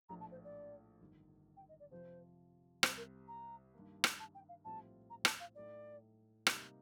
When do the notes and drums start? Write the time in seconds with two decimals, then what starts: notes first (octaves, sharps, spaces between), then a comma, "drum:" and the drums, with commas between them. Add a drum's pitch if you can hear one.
0.09 A#1 A2 F3 A3 D4 A#5
0.20 A5
0.31 C5
0.44 D5
1.00 G1 F2 D#3
1.57 G5
1.69 D#5
1.80 D5
1.91 F2 C3 F3 C5
2.83 C2 C3 G3 C4 C5, drum: rim click
2.97 A#4
3.28 A#5
3.74 G2 D#3 A#3
4.04 drum: rim click
4.20 A5
4.35 G5
4.49 F5
4.65 A#1 A2 G3 C4 F4 A5
5.10 A#5
5.25 A5, drum: rim click
5.40 F5
5.55 A2 A3 D#4 D5
6.47 C3 G3 A#3 D#4, drum: rim click